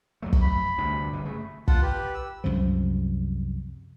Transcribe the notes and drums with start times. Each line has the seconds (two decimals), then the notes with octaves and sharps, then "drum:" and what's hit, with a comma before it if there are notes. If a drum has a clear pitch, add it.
0.22 F2 F#3 A3
0.33 drum: kick
0.42 B5
0.78 D2 G2 C3
1.13 G1 G2 B2
1.25 C#3 A3
1.68 F4 F#5 A5, drum: kick
1.82 G4 B4
2.14 E6
2.44 C2 F#2 C3 F3